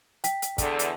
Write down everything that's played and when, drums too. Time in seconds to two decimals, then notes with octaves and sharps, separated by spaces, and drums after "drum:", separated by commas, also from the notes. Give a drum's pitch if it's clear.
0.24 G5 B6, drum: hi-hat
0.42 drum: hi-hat
0.58 E2 D3, drum: kick, hi-hat
0.79 drum: hi-hat